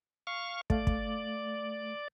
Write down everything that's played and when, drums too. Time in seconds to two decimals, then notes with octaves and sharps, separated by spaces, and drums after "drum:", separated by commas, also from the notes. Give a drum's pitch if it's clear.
0.27 F5 C#6
0.70 A3 D5 F5, drum: kick
0.87 drum: kick